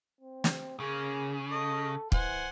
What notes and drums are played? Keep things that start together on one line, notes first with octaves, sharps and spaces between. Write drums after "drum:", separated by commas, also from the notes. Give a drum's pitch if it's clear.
C4
drum: snare
C#3 A#3 G#4
A4 D#5
E3 C5 F#5 G#5, drum: kick